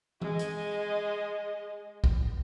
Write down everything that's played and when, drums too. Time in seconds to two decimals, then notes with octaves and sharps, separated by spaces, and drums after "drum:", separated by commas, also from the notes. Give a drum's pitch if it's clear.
0.22 G#3 D#5, drum: tom E3
0.39 drum: hi-hat
2.04 drum: kick